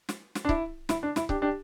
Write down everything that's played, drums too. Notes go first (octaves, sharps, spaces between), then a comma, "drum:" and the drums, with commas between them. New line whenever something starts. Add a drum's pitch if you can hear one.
drum: snare
drum: snare
D4
E4, drum: kick C#1
E4, drum: snare
D4
E4, drum: snare
D4 G4, drum: kick C#1
D4 G4